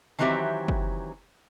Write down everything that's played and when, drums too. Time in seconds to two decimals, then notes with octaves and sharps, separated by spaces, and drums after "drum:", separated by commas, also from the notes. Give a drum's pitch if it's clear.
0.19 D#3 E3 F#3 C4 G4 E5
0.68 drum: kick